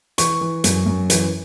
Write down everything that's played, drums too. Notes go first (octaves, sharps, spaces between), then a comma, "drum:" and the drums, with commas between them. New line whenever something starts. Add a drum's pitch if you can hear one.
E3 C#6, drum: hi-hat
E3
F#2, drum: hi-hat
F#2
E3, drum: hi-hat